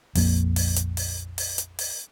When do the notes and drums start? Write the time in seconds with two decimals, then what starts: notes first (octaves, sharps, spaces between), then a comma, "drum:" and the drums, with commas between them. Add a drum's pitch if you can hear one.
0.15 A#1 F2 A#3, drum: open hi-hat
0.56 drum: open hi-hat
0.77 drum: hi-hat
0.97 drum: open hi-hat
1.38 drum: open hi-hat
1.58 drum: hi-hat
1.79 drum: open hi-hat